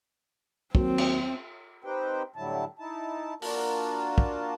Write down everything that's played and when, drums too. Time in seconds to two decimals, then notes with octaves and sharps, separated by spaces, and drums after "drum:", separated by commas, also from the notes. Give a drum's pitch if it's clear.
0.75 D#2 F#3 C4, drum: kick
0.98 drum: cymbal
1.84 C4 D#4 G4 B4 C5 G5
2.36 A2 D3 F#3 G3 E4 A5
2.79 D#4 E4 A5
3.42 A#3 D4 F4 F#4 A#4 A5, drum: open hi-hat
4.18 drum: kick